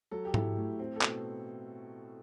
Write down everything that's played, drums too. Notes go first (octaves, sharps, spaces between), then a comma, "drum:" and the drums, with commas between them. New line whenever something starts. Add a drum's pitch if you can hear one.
F#3 A4
G4
E4 A4, drum: tom G#2
A2
C4
A4
B2, drum: clap